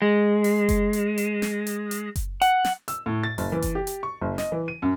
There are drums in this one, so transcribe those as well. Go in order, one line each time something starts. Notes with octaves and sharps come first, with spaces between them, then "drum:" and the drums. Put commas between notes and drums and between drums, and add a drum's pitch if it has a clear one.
G#3
drum: open hi-hat
drum: kick F#1, hi-hat
drum: hi-hat
drum: hi-hat
drum: snare
drum: hi-hat
drum: hi-hat
drum: kick F#1, hi-hat
F#5, drum: hi-hat
drum: snare
E6, drum: hi-hat
A2
A6
F#1, drum: open hi-hat
E3
drum: kick F#1, hi-hat
G4
drum: hi-hat
C#6
F#1
D#5, drum: snare
E3
D#7
F#2